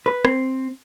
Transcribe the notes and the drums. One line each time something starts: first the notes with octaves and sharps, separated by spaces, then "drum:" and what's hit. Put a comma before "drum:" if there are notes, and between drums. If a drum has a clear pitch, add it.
B4
C4, drum: rim click